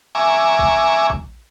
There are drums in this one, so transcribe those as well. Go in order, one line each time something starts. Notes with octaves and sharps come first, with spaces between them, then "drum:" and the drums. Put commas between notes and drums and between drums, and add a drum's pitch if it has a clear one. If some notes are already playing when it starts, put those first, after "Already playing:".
E5 G#5 A#5 C#6 D6
drum: kick A#1
drum: kick A#1